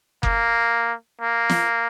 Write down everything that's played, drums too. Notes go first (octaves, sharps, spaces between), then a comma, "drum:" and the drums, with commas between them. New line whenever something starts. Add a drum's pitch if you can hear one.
A#3, drum: kick F#1
A#3
drum: snare